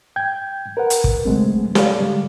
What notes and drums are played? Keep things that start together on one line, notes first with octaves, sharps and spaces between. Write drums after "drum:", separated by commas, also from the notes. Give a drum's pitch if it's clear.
G5 G6 G#6
A#4 B4 F#5
drum: hi-hat
drum: kick
C#3 F#3 G#3 A3 C4
G4 A4 B4 C#5 D5 F5, drum: snare
D3 G3 G#3